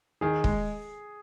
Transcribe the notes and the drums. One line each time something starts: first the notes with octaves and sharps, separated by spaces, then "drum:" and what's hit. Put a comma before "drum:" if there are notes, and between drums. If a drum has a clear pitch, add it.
D#3 G#4
G#3, drum: kick